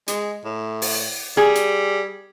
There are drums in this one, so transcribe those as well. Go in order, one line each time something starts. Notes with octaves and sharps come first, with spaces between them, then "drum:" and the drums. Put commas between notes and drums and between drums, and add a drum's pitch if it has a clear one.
G#3, drum: hi-hat
A2
drum: open hi-hat
G3 G#4
drum: hi-hat